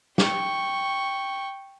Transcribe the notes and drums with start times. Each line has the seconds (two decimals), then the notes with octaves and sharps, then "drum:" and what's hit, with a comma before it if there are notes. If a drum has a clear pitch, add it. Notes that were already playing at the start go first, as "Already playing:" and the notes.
0.18 G5 C#6, drum: snare